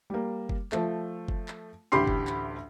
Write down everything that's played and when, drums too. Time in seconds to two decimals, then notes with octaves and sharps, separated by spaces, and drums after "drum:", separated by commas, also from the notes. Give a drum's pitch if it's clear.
0.10 G3 A#3
0.49 drum: kick F#1
0.72 F3 A3, drum: clap
1.28 drum: kick F#1
1.48 drum: clap
1.92 A1 D2 G4 B5 C6 C7
2.07 drum: kick F#1
2.27 drum: clap